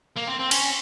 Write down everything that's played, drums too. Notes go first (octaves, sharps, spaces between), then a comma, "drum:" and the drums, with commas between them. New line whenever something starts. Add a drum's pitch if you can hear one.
A#3
C4
C4
C#4, drum: cymbal